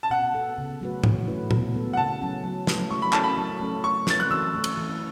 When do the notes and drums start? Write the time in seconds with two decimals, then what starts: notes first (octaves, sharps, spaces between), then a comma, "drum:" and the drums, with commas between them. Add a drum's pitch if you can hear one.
0.03 A5
0.10 B2 F#5
0.34 B3 A4
0.58 C#3
0.81 F#3 A3 F#4 B4
1.04 E3, drum: tom A2
1.27 A3 C#4 E4 B4
1.51 B2, drum: tom A#2
1.74 B3 A4
1.93 F#5
1.97 C#3 A5
2.21 F#3 C#4
2.44 F#3
2.67 A3 E4 B4, drum: snare
2.91 A3 C#6
3.02 B5
3.13 E4 A4 A5, drum: clap
3.24 B5
3.38 F#3
3.60 A3 C#4 A4
3.84 A3 C#6
4.07 E4 B4 A6, drum: snare
4.20 F#6
4.31 E3 E6
4.54 A3 C#4
4.64 drum: cymbal
4.78 E3